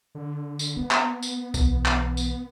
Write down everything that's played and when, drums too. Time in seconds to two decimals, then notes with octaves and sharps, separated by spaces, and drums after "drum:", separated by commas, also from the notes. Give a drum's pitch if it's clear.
0.15 D3
0.59 drum: tambourine
0.77 A#3 B3
0.91 drum: clap
1.22 drum: tambourine
1.54 B1 E3, drum: kick C#2, tambourine
1.86 drum: clap
2.17 drum: tambourine